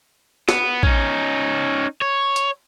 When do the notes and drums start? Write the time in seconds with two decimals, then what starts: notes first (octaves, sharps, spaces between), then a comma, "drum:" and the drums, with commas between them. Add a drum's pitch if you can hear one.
0.49 B3, drum: snare
0.83 C#4 D#4, drum: kick
2.02 C#5
2.36 drum: hi-hat